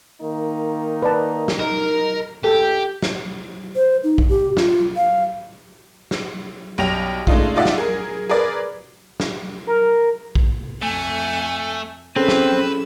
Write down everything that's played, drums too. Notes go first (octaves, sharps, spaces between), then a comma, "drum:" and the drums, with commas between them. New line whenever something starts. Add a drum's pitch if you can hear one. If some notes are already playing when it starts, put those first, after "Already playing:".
D#3 A#3 D#4
B4 D5 A5
drum: snare
D#4 A#4
C#2 D3 G#3 G4 A4
drum: snare
C5
D#4
drum: kick A#1
G4
F4, drum: snare
F5
drum: snare
B1 G3 G5 A#6 F7
G#3 A3 D4 D#4 F4, drum: kick A#1
D#4 F4 D5 E5 F#5
drum: snare
G#4 A#4
G#4 A#4 B4 D5
drum: snare
A#4
drum: kick A#1
F2 A3 F#5 G#5
C4 C#4 G#4 A4 B4 E6
drum: snare